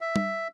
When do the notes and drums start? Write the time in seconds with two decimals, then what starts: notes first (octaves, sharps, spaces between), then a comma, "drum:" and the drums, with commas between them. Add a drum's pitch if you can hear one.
0.01 E5
0.16 drum: tom